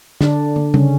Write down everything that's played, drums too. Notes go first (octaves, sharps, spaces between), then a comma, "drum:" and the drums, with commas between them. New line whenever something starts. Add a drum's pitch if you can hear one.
D3 D4, drum: snare
drum: tom
C#3 C#4, drum: tom